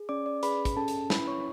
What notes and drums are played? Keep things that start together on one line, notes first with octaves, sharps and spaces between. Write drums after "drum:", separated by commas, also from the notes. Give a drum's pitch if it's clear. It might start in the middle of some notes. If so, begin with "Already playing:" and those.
Already playing: G#4
C#4 D5 D6
D5 D6
G#4 B4 B5, drum: hi-hat
drum: kick, hi-hat
C#4 A4 A5
drum: hi-hat
E4 B4 B5, drum: snare
C#5 C#6